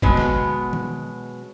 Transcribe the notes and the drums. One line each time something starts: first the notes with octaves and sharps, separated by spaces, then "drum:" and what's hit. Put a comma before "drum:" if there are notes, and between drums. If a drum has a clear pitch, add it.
B2 F#3 G#3 B3, drum: kick G#1
drum: snare
drum: tom